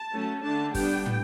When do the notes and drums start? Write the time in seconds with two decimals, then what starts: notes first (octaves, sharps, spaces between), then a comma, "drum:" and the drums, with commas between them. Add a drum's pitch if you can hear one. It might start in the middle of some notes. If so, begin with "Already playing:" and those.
Already playing: A5
0.14 F#3 A3 C#4
0.43 D3 A3 D4 A5
0.74 G3 B3 D4 G5, drum: kick F#1, open hi-hat
1.06 drum: tom